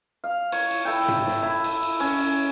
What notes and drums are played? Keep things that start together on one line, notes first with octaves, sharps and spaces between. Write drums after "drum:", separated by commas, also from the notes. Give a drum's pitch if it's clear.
F5
C#5, drum: cymbal
drum: cymbal
E4 A4 G5
drum: tom
drum: snare
E4
drum: cymbal
drum: cymbal
C#4, drum: cymbal
drum: cymbal